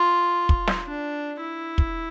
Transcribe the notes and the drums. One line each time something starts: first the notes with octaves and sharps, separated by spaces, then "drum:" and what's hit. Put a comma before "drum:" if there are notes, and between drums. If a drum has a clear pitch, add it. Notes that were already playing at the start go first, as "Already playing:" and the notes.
Already playing: F4
drum: kick
drum: snare
D4
E4
drum: kick